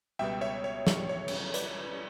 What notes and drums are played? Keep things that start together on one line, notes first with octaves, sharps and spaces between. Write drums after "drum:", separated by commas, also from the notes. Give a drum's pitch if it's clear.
C#2 B2 G3 B3 E5 G5
C#5 E5
C#5
C#5, drum: snare
C#5
drum: cymbal
B4 D5, drum: hi-hat